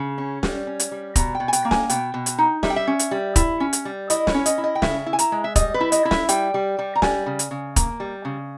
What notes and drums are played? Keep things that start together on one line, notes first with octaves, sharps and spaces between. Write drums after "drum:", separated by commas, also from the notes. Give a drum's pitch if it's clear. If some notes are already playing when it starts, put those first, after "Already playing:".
Already playing: C#3
C#4
G3, drum: snare
C#4
drum: hi-hat
G3
B2 A#5, drum: kick, hi-hat
G5
B2
G#5
G5, drum: hi-hat
A#3
G#5, drum: snare
B2 G5, drum: hi-hat
B2
drum: hi-hat
D#4
G3 E5, drum: snare
G5
E5
C#4
drum: hi-hat
G3
E4, drum: kick, hi-hat
C#4
drum: hi-hat
G3
E4 D#5, drum: hi-hat
C#5, drum: snare
C#4
D#5, drum: hi-hat
E4
D#5
G5
C#3 E5, drum: snare
E4
G#5
A#5, drum: hi-hat
G#3
E5
G3 D#5, drum: kick, hi-hat
B4
E4
D#5, drum: hi-hat
E4
E5, drum: snare
G3 G5, drum: hi-hat
G3
G3
A#5
G3 G#5, drum: snare
C#3
drum: hi-hat
C#3
A#3, drum: kick, hi-hat
G3
C#3